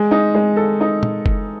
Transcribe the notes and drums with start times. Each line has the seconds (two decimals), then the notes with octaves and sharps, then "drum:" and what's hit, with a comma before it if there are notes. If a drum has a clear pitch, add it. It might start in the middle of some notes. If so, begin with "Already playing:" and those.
Already playing: G#3
0.11 D#4
0.35 G#3
0.56 A4
0.81 D#4
1.03 drum: tom
1.26 drum: kick F#1